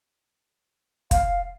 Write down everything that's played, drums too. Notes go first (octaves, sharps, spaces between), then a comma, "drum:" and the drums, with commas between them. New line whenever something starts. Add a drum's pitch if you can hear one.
F5, drum: kick, hi-hat